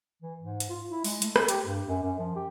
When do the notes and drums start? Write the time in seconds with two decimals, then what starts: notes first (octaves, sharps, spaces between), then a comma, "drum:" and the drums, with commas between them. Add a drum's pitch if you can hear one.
0.22 E3
0.40 G#2
0.60 drum: hi-hat
0.69 F4
0.91 E4
1.04 G#3, drum: open hi-hat
1.22 A3, drum: hi-hat
1.36 drum: rim click
1.49 G4, drum: hi-hat
1.66 G2
1.88 F#2
2.03 F#2
2.19 F3
2.36 G4